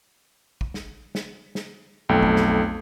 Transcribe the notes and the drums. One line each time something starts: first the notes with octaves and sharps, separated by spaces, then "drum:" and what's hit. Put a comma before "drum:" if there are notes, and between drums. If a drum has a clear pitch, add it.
drum: kick
drum: snare
drum: snare
drum: snare
B1 F2 A3 G5
drum: kick
drum: snare